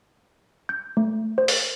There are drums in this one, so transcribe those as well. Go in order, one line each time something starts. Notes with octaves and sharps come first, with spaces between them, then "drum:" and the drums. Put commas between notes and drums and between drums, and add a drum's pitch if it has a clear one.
G6
A3
C5
drum: open hi-hat